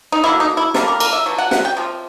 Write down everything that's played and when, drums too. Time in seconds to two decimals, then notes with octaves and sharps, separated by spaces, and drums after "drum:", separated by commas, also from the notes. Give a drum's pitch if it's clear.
0.12 D#4
0.24 D3 F#3 A#3 E4
0.40 D#4
0.57 E4
0.74 D3 G3 A#3 A#4, drum: snare
0.88 A#4
1.00 A#4, drum: cymbal
1.13 E5
1.26 B2 F#3
1.38 F#5
1.51 F#5, drum: snare
1.65 G5
1.77 C3 F3